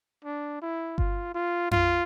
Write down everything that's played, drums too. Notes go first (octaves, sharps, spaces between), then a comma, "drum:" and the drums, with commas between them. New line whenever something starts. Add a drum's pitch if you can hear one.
D4
E4
F4, drum: kick G1
F4
F4, drum: tom F2